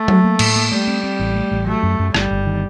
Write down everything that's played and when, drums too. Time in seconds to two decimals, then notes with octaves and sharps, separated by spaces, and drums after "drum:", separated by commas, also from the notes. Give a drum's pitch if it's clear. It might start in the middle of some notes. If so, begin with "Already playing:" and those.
Already playing: A3
0.08 F#3, drum: tom F#3
0.24 A#3
0.39 A2, drum: cymbal
0.56 A#3
0.72 G3 A3
0.87 C4
1.03 C4
1.19 A1
1.35 A3
1.51 A1
1.67 F#3 A3
1.83 F#2
1.99 F#2
2.14 G1 G3, drum: rim click
2.31 G1
2.47 D#3